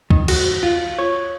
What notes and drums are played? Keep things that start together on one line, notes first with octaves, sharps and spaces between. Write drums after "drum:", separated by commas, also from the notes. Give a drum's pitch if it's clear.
D#3, drum: kick C#2
F#4, drum: cymbal
F4
C#5